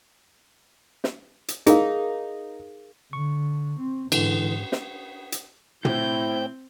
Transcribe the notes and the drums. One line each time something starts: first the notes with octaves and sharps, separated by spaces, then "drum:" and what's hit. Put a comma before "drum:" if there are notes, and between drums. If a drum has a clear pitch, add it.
drum: snare
drum: hi-hat
D#4 G#4 A#4 F5, drum: hi-hat
D3 C#6
C4
G#2 D3 E3, drum: cymbal
drum: snare
drum: hi-hat
A2 C4 E4 C5 G5 G6, drum: tom